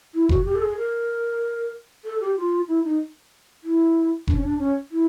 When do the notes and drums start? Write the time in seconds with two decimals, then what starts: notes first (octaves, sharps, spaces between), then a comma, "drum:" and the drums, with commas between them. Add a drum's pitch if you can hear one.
0.14 E4
0.29 F#4, drum: kick F1
0.45 G4
0.55 A4
0.62 G#4
0.78 A#4
2.04 A4
2.20 G4
2.37 F4
2.68 E4
2.84 D#4
3.63 E4
4.28 D4, drum: kick F1
4.36 C#4
4.43 D4
4.59 C#4
4.91 E4